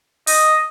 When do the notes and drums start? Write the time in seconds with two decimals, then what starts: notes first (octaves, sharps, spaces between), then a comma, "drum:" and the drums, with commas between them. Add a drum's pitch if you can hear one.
0.27 D#5, drum: open hi-hat